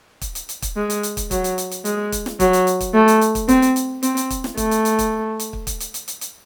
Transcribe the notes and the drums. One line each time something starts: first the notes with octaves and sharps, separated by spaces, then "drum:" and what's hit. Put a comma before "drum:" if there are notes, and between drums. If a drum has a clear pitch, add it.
drum: kick, hi-hat
drum: hi-hat
drum: hi-hat
drum: kick, hi-hat
G#3
drum: hi-hat
drum: hi-hat
drum: kick, hi-hat
F#3, drum: kick, hi-hat
drum: hi-hat
drum: hi-hat
drum: hi-hat
G#3, drum: hi-hat
drum: kick, hi-hat
drum: snare
F#3, drum: kick, hi-hat
drum: hi-hat
drum: hi-hat
drum: kick, hi-hat
A3
drum: hi-hat
drum: hi-hat
drum: kick, hi-hat
C4, drum: kick, hi-hat
drum: hi-hat
drum: hi-hat
C4, drum: hi-hat
drum: hi-hat
drum: kick, hi-hat
drum: snare
A3, drum: kick, hi-hat
drum: hi-hat
drum: hi-hat
drum: kick, hi-hat
drum: hi-hat
drum: kick
drum: kick, hi-hat
drum: hi-hat
drum: hi-hat
drum: hi-hat
drum: hi-hat